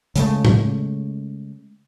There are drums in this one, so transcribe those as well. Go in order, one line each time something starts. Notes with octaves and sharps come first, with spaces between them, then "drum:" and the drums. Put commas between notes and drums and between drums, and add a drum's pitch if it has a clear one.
C#3 G#3 A3, drum: hi-hat
drum: tom A2